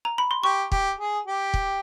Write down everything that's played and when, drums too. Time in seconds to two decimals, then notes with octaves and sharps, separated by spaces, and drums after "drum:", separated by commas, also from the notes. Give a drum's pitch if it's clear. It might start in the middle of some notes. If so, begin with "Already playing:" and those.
0.05 A#5
0.18 B5
0.31 C6
0.43 G4 C#6
0.72 G4, drum: kick
0.99 G#4
1.26 G4
1.54 drum: kick